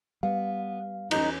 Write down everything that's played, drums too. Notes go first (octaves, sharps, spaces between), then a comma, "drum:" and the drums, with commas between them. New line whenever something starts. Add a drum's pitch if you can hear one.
G3 B3 F5
E2 C#4 D#4, drum: cymbal